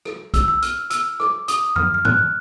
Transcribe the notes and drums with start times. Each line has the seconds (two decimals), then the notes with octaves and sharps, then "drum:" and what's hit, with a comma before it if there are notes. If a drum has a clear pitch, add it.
0.05 drum: rim click
0.34 E6, drum: kick, hi-hat
0.48 E6
0.62 F6, drum: hi-hat
0.90 E6, drum: hi-hat
1.20 D6, drum: rim click
1.48 D#6, drum: hi-hat
1.76 F6, drum: tom F#2
1.94 F6
2.05 F#6, drum: tom G2